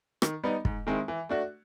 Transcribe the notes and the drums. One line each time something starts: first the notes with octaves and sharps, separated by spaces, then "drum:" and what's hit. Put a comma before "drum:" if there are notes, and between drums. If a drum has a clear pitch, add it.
D#3, drum: rim click
G3 B3 D#4
G#2, drum: kick
D#3 G#3 C4 E4
E3
A3 D4 F#4